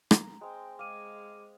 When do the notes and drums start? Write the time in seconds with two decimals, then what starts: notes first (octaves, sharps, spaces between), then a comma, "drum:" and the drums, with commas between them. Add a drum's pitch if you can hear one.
0.11 A#5, drum: rim click
0.41 G#3 C4 G5
0.79 G#3 F5 D6 D#7